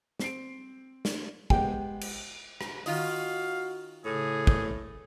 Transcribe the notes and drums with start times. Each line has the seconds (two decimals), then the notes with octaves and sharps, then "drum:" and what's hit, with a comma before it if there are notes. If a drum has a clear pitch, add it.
0.19 C4 C7 D7, drum: snare
1.05 drum: snare
1.50 G#3 B3 G4 G5, drum: kick
2.01 drum: cymbal
2.61 drum: rim click
2.86 D#3 F4 F#4 D#5 F5, drum: open hi-hat
4.05 A2 C#3 G#4
4.47 drum: kick